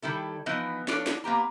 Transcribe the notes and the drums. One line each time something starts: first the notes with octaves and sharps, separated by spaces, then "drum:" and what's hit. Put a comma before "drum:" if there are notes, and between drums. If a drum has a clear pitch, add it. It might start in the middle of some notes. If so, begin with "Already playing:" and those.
D#3 G3 E4 A4
E3 F3 B3 D#4
F3 D4 A4 C#5 D5, drum: snare
drum: snare
A#3 B3 G4 A#5